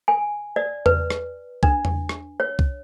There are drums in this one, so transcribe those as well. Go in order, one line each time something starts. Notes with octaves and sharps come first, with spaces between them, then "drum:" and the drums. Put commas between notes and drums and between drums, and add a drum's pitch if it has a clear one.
G#5
D5
B4, drum: tom E2
drum: rim click
D4, drum: kick C2
drum: tom E2
drum: rim click
C#5
drum: kick C2